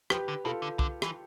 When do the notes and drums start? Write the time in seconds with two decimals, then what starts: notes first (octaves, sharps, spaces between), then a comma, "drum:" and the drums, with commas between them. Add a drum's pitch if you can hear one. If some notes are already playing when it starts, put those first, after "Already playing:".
0.10 F3 G4 B4, drum: rim click
0.28 D3
0.45 B2 F4 A4
0.62 D3
0.79 D3, drum: kick
1.02 E3, drum: rim click